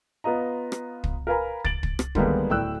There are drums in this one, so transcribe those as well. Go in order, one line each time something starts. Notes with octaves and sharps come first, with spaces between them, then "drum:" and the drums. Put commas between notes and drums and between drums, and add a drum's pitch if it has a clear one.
B3 F4 D#5 A#5
drum: rim click
drum: kick
A#4 B4 F5 G#5 A#5 B5
A6 D7 F#7, drum: kick
drum: kick
drum: rim click
D3 D#3 G3 G#3 A#3 B3, drum: kick
D1 A2 D5 G5 E6 F#6